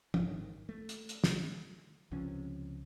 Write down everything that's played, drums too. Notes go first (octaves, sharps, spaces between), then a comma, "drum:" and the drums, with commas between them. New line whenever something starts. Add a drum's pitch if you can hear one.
G#1 D#3, drum: tom
A3
drum: hi-hat
drum: hi-hat
drum: snare
C#2 C3 F3 C#4